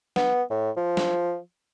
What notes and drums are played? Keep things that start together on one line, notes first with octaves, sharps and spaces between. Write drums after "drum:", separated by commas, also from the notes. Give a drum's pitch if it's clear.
B3, drum: snare
A2
F3
drum: snare